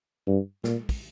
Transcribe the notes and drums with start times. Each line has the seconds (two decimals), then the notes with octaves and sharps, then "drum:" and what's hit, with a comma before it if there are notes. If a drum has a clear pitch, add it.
0.27 G2
0.64 A#2, drum: snare
0.89 drum: kick, open hi-hat